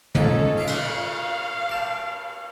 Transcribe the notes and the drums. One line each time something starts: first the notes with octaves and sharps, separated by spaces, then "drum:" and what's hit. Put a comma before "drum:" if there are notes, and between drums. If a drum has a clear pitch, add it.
C#4 D#4 F4 A4, drum: tom
F4 E5 F5 D6
drum: cymbal
G5 A5 D6